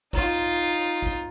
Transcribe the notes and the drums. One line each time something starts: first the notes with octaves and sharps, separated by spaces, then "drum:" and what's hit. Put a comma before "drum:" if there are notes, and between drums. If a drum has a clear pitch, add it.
D#4 F4, drum: kick
drum: kick